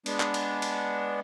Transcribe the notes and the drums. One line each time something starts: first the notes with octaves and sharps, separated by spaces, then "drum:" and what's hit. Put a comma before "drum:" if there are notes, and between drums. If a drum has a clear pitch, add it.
G#3 B3 D4, drum: cymbal
drum: clap
drum: cymbal
drum: cymbal